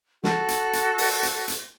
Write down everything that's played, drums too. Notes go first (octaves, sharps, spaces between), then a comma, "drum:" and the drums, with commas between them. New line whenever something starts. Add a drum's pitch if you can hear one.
F#4 A4, drum: snare
drum: hi-hat
drum: hi-hat
drum: open hi-hat
drum: hi-hat
drum: hi-hat